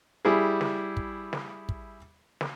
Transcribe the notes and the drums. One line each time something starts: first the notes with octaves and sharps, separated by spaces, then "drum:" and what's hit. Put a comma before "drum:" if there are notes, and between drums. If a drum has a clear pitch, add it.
G3 E4 G#4
drum: snare
drum: kick
drum: snare
drum: kick
drum: snare